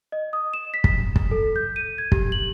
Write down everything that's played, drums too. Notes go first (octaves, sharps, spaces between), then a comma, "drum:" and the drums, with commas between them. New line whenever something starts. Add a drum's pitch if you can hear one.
D#5
D#6
E7
B6
drum: kick
drum: kick
A4
G6
D#7
G#6
G4, drum: kick
F#7